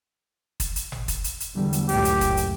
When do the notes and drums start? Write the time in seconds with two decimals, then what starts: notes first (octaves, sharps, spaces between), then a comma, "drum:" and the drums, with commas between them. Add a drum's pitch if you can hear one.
0.60 drum: kick, hi-hat
0.76 drum: hi-hat
0.92 drum: tom G#1
1.08 drum: kick, hi-hat
1.24 drum: hi-hat
1.40 drum: hi-hat
1.55 E2 D3 G3
1.73 drum: hi-hat
1.89 C#2 F#2 A2 G4, drum: open hi-hat
2.05 drum: hi-hat
2.21 drum: kick, hi-hat
2.37 drum: hi-hat